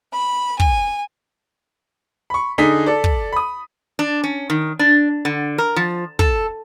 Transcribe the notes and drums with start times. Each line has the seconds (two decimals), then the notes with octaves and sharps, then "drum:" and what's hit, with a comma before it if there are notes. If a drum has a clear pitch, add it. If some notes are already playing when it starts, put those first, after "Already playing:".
0.12 B5
0.60 G#5, drum: kick
2.30 B5 C#6
2.58 D3 D#4 G#4 B6
2.86 A4 D5
3.04 drum: kick
3.32 B5 D#6
3.99 D4
4.24 C#4
4.50 D#3
4.79 D4
5.25 D3
5.58 A#4
5.76 F3
6.19 A4, drum: kick